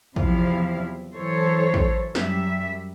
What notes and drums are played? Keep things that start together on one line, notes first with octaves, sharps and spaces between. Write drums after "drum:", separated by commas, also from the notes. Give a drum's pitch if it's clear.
E2 C3 F3 F#3 E4 F5, drum: kick
E3 F#3 A4 C5 C#5
drum: kick
F#2 F#3 G3 E5, drum: snare